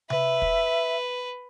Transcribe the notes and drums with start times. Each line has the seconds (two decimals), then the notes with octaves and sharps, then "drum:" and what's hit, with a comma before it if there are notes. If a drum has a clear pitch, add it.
0.10 B4 E5, drum: tom C3
0.42 drum: kick